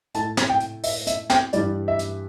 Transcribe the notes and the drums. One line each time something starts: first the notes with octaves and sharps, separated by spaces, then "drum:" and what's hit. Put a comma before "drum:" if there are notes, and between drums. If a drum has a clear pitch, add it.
A2 A3 A5, drum: hi-hat
drum: snare
G5
drum: hi-hat
E5, drum: open hi-hat
E5, drum: hi-hat
G5, drum: snare
G2 E3 G3 D5, drum: hi-hat
E5
drum: hi-hat